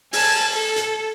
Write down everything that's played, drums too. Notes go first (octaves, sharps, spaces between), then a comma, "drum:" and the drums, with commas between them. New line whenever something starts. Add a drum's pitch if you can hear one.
G#5 A5, drum: open hi-hat
A4
drum: hi-hat